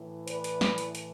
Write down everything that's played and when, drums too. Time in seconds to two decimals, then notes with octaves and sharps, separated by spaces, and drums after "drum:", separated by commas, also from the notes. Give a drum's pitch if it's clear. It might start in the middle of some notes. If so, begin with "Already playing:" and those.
Already playing: A2 E3
0.27 B4 D5, drum: hi-hat
0.44 drum: hi-hat
0.61 drum: snare
0.78 drum: hi-hat
0.95 drum: hi-hat